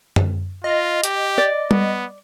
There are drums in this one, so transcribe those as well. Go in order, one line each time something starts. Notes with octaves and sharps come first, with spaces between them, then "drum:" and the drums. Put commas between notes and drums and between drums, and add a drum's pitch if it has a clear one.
drum: tom F#2
F4 D#5
G4, drum: hi-hat
D5
B3, drum: tom G3